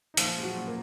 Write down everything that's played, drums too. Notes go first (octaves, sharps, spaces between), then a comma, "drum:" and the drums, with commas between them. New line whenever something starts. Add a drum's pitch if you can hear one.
D#4
A#2 F3 F4, drum: hi-hat
G#3
F#3 F#4
A#2
A#3 A#4